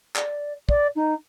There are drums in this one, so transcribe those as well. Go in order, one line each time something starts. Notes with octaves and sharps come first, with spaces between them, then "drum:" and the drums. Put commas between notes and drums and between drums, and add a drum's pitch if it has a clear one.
D5, drum: clap
D5, drum: kick
D#4